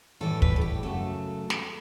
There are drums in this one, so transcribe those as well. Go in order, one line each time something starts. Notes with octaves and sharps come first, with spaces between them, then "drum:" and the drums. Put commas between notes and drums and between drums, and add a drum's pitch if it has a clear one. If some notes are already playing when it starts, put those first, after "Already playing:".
A2 E3 G3 A4
B4, drum: kick
A4
G4
F#2 C#3 F#3 A3 A4
drum: snare